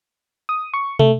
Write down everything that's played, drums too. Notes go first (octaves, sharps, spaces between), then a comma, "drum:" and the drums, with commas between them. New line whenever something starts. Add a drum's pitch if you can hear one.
D#6
C#6
A3, drum: tom